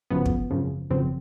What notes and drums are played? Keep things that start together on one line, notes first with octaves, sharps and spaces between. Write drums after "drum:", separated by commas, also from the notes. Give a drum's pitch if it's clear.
G#1 F#2 C#3 F3 B3
drum: kick
G#1 F#2 C#3 F3
G#1 F#2 C#3 F3 C4